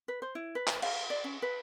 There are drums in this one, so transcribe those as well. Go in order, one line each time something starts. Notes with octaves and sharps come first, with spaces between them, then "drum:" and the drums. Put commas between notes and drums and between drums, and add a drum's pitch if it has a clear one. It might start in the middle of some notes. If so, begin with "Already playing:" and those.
B4
C5
E4
B4
drum: clap
F5, drum: cymbal
D5
C#4
B4